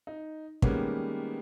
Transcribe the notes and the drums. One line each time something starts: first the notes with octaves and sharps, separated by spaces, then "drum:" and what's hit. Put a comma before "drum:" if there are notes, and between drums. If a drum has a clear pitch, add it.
D#4
D#3 G3 G#3 A#3 B3 C#4, drum: kick